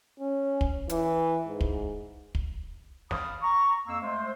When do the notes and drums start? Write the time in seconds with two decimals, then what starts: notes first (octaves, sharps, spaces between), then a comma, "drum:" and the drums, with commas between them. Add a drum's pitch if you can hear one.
0.20 C#4
0.61 drum: kick
0.89 E3, drum: hi-hat
1.47 G#2
1.61 drum: kick
2.35 drum: kick
3.11 F5 A5 B5 D#6, drum: snare
3.42 A#5 C#6
3.87 F2 A#3 F5 E6
4.02 G#3 A3 C5